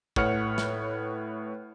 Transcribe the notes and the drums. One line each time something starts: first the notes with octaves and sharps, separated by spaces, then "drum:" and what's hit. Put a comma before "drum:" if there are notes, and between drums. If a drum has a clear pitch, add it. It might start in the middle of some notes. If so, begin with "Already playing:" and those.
A2 B4 C#5 F#5 F6 C#7, drum: kick
drum: snare